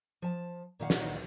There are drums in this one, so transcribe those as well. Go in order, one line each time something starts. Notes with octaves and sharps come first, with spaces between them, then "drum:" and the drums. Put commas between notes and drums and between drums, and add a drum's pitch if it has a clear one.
F3 A5
A#2 D#3 F5 F#5
drum: snare